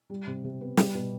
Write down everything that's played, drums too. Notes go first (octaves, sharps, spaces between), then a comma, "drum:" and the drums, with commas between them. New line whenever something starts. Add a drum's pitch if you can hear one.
G3
C3
C3
B3
G3, drum: snare
B2